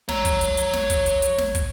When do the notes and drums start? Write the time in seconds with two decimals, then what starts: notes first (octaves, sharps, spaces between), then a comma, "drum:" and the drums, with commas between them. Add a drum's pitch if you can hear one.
0.09 C#5 A#5, drum: snare
0.25 drum: kick, hi-hat
0.41 drum: hi-hat
0.57 drum: hi-hat
0.73 drum: snare
0.90 drum: kick, hi-hat
1.06 drum: hi-hat
1.22 drum: hi-hat
1.38 drum: snare
1.55 drum: kick, hi-hat